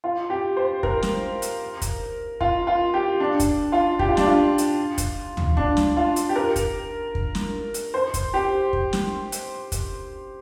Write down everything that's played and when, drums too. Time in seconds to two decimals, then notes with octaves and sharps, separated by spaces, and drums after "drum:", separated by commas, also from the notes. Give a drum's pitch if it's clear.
0.04 F4
0.30 G4
0.57 C5
0.83 A#4, drum: kick
1.03 drum: snare
1.42 drum: hi-hat
1.82 drum: kick, hi-hat
2.41 F4, drum: kick
2.67 F4
2.94 G4
3.20 D4
3.40 drum: kick, hi-hat
3.72 F4
3.99 G4, drum: kick
4.08 F4
4.17 D4, drum: snare
4.26 F4
4.58 drum: hi-hat
4.98 drum: kick, hi-hat
5.37 drum: tom D2
5.57 D4, drum: kick
5.77 drum: snare
5.97 F4
6.16 drum: hi-hat
6.29 G4
6.36 A#4
6.56 drum: kick, hi-hat
7.15 drum: kick
7.35 drum: snare
7.74 drum: hi-hat
7.94 C5
8.14 drum: kick, hi-hat
8.34 G4
8.73 drum: kick
8.93 drum: snare
9.32 drum: hi-hat
9.72 drum: kick, hi-hat